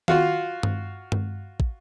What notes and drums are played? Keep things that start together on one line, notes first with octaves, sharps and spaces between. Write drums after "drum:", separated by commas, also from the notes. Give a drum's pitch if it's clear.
F4 F#4 F5, drum: tom D#3
drum: tom G2
drum: tom G2
drum: kick